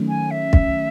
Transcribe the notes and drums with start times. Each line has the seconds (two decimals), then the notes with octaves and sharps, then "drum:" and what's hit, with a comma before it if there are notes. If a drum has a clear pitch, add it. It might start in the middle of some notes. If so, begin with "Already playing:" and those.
Already playing: D#3 F#3 A3 C#4
0.09 G#5
0.31 E5
0.53 drum: kick